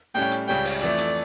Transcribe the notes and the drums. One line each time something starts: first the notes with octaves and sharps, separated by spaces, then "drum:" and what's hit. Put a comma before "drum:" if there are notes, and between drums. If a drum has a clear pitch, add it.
A2 G3 C#4 G5
drum: hi-hat
C#2 C#3 G3 C#4 G5
drum: open hi-hat
F2 E3 A3 D5
drum: hi-hat